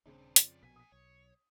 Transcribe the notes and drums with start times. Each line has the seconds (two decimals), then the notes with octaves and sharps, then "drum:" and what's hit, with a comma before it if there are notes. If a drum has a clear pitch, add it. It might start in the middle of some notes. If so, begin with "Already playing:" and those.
0.06 D#1 E2 G2 C#3 C4 D4
0.36 F2 G#2 F3 D5, drum: hi-hat
0.63 A#1 B2 B3 G#5 B6
0.76 D#6 B6
0.92 B1 C#5